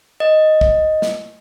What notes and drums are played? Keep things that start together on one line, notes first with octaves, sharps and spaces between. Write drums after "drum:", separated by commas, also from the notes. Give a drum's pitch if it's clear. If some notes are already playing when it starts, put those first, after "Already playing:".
D#5
drum: kick
drum: snare